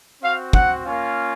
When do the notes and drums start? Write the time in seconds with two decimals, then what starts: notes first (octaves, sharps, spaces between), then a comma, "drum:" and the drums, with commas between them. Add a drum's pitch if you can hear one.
0.22 C4 F#4 F5
0.53 F#5, drum: kick
0.84 A#3 C#4 F4